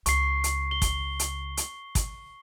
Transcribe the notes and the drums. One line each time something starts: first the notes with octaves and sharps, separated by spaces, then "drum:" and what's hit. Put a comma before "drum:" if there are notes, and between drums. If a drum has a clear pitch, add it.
C#2 C#6 C7, drum: hi-hat
drum: hi-hat
G7
drum: kick, hi-hat
drum: hi-hat
drum: hi-hat
drum: kick, hi-hat